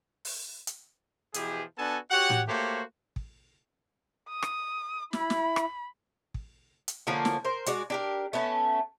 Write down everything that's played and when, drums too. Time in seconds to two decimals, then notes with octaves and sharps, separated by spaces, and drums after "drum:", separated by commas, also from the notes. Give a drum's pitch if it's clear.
0.25 drum: open hi-hat
0.67 drum: hi-hat
1.34 B2 E3 F3 G4 G#4, drum: hi-hat
1.78 B3 D4 F#4 A4 G#5 A5
2.11 F#4 G4 C#5 F#5
2.30 drum: tom A2
2.48 A3 A#3 F#4 G4 C5 C#5
3.16 drum: kick
4.30 D#6
4.42 drum: rim click
5.13 E4 B5, drum: snare
5.30 drum: snare
5.56 drum: rim click
6.34 drum: kick
6.88 drum: hi-hat
7.07 D3 F3 A#3 C#4
7.25 drum: snare
7.45 A#4 C5
7.66 G#3 F#4 D5, drum: hi-hat
7.90 D4 G4 A#4
8.33 A3 B3 C#4 A5